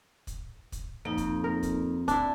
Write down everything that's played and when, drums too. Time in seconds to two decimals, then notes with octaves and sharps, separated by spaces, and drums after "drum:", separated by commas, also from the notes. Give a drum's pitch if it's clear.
0.27 drum: kick, hi-hat
0.72 drum: kick, hi-hat
1.05 F2 A#3 D#4
1.17 drum: kick, hi-hat
1.44 A#4
1.63 drum: kick, hi-hat
2.08 D4 E4, drum: kick, hi-hat